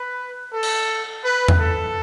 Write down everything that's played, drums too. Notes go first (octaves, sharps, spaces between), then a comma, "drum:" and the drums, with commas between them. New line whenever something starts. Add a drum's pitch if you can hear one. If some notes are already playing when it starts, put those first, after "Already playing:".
Already playing: B4
A4
drum: cymbal
B4
drum: tom E2
A4